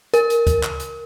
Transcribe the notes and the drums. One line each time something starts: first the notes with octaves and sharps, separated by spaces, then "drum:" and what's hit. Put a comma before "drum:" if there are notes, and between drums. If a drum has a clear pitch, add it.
A#4, drum: hi-hat
drum: hi-hat
drum: kick, hi-hat
drum: clap
drum: hi-hat